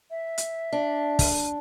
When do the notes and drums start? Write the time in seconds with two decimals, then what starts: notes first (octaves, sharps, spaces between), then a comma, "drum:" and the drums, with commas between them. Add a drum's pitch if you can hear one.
0.11 E5
0.38 drum: hi-hat
0.73 D4
1.19 drum: kick, open hi-hat